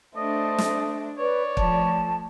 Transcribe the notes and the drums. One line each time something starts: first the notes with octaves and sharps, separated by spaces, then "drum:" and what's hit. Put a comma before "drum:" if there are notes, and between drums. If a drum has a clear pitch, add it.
A3 D4 C5 D#5
drum: snare
B4 C#5 D5
F3 A3 A5, drum: kick